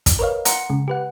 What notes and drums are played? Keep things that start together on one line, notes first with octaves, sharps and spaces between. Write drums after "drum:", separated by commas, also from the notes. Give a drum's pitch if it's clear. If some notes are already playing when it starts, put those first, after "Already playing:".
drum: kick, hi-hat
A#4 B4 C#5 D#5 F5
F#5 A#5 C6 C#7, drum: hi-hat
C#3 G#3
G4 B4 F#5